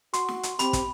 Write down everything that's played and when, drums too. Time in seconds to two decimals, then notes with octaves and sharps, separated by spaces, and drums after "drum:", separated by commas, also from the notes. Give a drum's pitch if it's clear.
0.14 F#4 C6, drum: hi-hat
0.28 drum: snare
0.43 drum: hi-hat
0.59 C4 G4 B5, drum: hi-hat
0.73 drum: kick, hi-hat